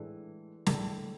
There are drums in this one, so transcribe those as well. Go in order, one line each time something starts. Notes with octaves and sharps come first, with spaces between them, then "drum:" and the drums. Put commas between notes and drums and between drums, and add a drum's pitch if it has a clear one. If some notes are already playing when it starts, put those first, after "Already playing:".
Already playing: A2 E3 G#3 D4 A4
A2 G#3 D4 A4, drum: snare